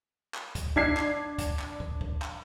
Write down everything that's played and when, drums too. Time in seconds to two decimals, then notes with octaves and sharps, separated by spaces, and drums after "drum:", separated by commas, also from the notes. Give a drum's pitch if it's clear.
0.34 drum: clap
0.55 drum: kick, hi-hat
0.76 D4 G#6 C7, drum: kick
0.97 drum: clap
1.38 drum: kick, hi-hat
1.59 drum: clap
1.80 drum: kick
2.01 drum: kick
2.22 drum: clap